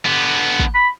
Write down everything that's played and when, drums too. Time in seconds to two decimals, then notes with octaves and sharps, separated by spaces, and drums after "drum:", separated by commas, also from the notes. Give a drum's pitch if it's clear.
0.05 D3 B3
0.60 drum: kick
0.75 B5